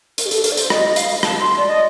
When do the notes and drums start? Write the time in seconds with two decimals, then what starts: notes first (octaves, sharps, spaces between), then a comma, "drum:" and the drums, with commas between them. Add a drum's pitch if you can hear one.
0.18 A#4, drum: hi-hat
0.25 G4
0.31 A4, drum: hi-hat
0.44 A#4, drum: hi-hat
0.51 D5
0.57 C5, drum: hi-hat
0.70 D#5, drum: rim click
0.88 D#5
0.96 F5, drum: hi-hat
1.09 drum: open hi-hat
1.23 A5, drum: rim click
1.40 C6
1.57 D5
1.68 D#5